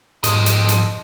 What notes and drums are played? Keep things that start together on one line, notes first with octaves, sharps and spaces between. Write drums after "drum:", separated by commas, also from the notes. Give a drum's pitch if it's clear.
G#2 F3 D#5, drum: hi-hat
drum: hi-hat
drum: hi-hat